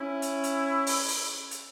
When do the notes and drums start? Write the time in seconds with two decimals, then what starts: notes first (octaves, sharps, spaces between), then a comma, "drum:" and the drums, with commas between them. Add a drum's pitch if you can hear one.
0.01 C#4 E4
0.22 drum: hi-hat
0.44 drum: hi-hat
0.87 drum: open hi-hat
1.08 drum: open hi-hat
1.51 drum: hi-hat